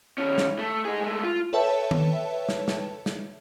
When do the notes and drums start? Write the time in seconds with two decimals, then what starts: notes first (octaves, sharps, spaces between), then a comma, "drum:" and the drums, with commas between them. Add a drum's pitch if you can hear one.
0.18 D#3 C#4
0.38 drum: snare
0.59 A3
0.85 D#4 G#4
1.01 G#3 A3
1.23 F4
1.53 A4 B4 C#5 E5 G5 A5
1.91 drum: tom D#3
2.49 drum: snare
2.68 drum: snare
3.06 drum: snare